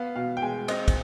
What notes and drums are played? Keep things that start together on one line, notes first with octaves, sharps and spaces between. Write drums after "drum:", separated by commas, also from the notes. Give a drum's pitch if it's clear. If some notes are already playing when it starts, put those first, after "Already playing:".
Already playing: B3 F5
B2 F5
G5
G#3 G#5
C4 D#5, drum: cymbal
drum: kick, cymbal